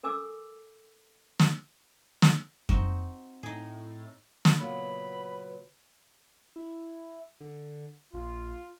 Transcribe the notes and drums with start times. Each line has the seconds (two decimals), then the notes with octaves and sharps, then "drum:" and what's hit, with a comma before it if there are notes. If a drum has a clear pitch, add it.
0.03 A4 A#4 G#5 D6 E6
1.39 drum: snare
2.22 drum: snare
2.69 C4 D#4 F#4, drum: kick F2
3.43 A2 D#4 G#4
4.45 drum: snare
4.59 A#2 C#3 F#3 B3 F#4 B4 F5 B5
6.56 E4
7.40 D3
8.14 A#1 F4